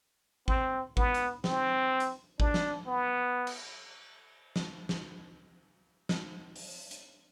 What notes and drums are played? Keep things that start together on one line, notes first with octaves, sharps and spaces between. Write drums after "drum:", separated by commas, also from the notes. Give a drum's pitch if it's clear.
C4, drum: kick
B3, drum: kick
drum: hi-hat
C4, drum: snare
drum: hi-hat
D4, drum: kick
drum: snare
B3
drum: cymbal
drum: snare
drum: snare
drum: snare
drum: open hi-hat
drum: hi-hat